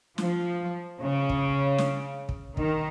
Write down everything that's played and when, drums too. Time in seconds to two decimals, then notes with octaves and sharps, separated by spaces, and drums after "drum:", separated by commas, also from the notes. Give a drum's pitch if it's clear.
0.18 F3, drum: snare
1.01 C#3
1.29 drum: kick
1.78 drum: snare
2.29 drum: kick
2.57 D#3, drum: kick